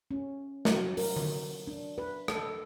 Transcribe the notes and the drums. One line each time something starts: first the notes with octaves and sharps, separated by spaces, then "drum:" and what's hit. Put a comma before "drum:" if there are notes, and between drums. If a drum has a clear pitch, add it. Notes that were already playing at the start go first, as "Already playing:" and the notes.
C#4
F#3, drum: snare
A#4, drum: open hi-hat
drum: tom D3
D4
B4
A4, drum: rim click